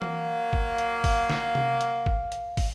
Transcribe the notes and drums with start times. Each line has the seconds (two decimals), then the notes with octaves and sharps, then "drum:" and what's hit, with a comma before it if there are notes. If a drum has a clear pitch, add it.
0.02 F#3 A#3 F5, drum: tom E3
0.53 drum: kick
0.78 drum: hi-hat
1.04 drum: kick, open hi-hat
1.30 drum: snare
1.55 drum: tom C3
1.81 drum: hi-hat
2.06 drum: kick
2.32 drum: hi-hat
2.57 drum: kick, open hi-hat